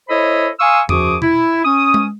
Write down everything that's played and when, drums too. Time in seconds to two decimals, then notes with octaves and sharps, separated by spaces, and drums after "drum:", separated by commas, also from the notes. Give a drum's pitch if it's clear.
0.09 E4 A4 C5 C#5 D#5 B5
0.60 F5 G#5 C6 C#6 D#6 E6
0.89 F#2 F3 F#4 G#4 D6 D#6, drum: tom E2
1.22 E4, drum: tom B2
1.65 C#4 D#6
1.94 drum: tom G#3